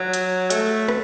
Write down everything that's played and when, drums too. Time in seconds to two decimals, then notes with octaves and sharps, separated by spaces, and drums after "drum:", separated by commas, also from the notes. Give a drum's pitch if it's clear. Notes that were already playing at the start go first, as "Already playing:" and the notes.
Already playing: F#3
0.13 drum: hi-hat
0.50 A3, drum: hi-hat
0.88 drum: rim click